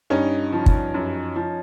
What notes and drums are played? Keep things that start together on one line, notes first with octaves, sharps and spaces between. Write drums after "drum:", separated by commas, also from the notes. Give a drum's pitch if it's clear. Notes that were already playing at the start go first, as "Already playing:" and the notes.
G2 C#4 D#4
F3
drum: kick
F#2
F3